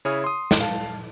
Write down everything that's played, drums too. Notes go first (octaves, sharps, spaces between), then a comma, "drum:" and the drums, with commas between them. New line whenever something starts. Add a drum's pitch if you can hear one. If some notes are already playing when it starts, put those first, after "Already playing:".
C#3 E4 G#4 C#5 D#6 F6
C6 D#6
drum: snare
F5 A5